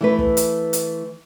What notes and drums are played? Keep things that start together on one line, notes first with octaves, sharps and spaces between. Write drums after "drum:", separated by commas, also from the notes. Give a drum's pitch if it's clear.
E3 A3 B4
drum: kick
drum: hi-hat
drum: hi-hat